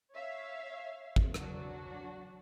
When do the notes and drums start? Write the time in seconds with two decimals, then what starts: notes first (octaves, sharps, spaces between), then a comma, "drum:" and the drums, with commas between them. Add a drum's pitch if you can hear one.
0.13 C#5 E5 F5
1.16 drum: kick
1.34 F#3 D4 F#4, drum: rim click